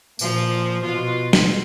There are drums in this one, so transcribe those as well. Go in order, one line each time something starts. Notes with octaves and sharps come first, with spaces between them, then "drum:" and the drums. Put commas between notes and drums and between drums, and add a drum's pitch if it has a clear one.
A#2 F3, drum: tambourine
B2 F4
drum: snare